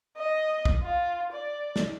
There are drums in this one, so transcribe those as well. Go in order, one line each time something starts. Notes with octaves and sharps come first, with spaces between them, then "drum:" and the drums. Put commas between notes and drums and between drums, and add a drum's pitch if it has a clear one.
D#5
drum: kick
F4
D5
drum: snare